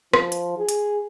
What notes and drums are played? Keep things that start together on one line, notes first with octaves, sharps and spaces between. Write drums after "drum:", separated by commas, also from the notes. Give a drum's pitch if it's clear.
F3, drum: rim click
drum: hi-hat
G#4
drum: hi-hat